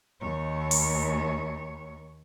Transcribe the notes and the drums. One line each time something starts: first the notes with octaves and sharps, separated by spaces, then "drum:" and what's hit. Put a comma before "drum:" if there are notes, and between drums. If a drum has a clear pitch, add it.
D#2 C#5
drum: open hi-hat